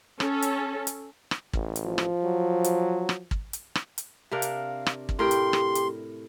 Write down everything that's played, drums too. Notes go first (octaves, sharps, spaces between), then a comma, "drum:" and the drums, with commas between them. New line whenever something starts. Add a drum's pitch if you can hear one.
C#4 A4, drum: rim click
drum: hi-hat
drum: hi-hat
drum: rim click
A1, drum: kick
drum: hi-hat
F3
drum: rim click
F#3
drum: hi-hat
drum: rim click
drum: kick
drum: hi-hat
drum: rim click
drum: hi-hat
C3 D4 A#4 F5
drum: hi-hat
drum: rim click
drum: kick
A2 G4 A#4 G5 C6
drum: hi-hat
drum: rim click
drum: hi-hat